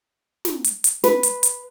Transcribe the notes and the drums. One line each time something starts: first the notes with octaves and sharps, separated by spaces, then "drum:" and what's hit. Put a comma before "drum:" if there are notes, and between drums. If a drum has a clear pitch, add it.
drum: snare
drum: hi-hat
drum: hi-hat
B4, drum: snare
drum: hi-hat
drum: hi-hat